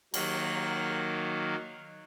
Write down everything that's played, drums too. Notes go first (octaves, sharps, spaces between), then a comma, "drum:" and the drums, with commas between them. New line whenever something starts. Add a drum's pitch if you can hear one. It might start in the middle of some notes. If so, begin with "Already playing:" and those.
D#3 F#3 A#3, drum: cymbal